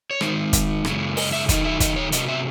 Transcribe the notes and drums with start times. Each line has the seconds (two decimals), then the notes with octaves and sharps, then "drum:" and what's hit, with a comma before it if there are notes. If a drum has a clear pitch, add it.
0.11 C#5
0.21 D#3 G#3 D#4 C5, drum: rim click
0.53 drum: kick, hi-hat
0.85 F#2 C#3 G#3, drum: rim click
1.17 D#5, drum: open hi-hat
1.32 E5
1.49 F#2 D#3 A3 D#4 D#5, drum: kick, hi-hat
1.65 E5
1.80 D#5, drum: kick, hi-hat
1.96 C#5
2.12 C3 F#3 C#4 D#5, drum: hi-hat
2.28 E5